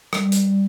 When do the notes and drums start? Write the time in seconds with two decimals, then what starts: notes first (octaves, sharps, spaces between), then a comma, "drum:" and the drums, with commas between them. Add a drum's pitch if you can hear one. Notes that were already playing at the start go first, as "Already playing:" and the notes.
0.13 G3, drum: rim click
0.32 drum: hi-hat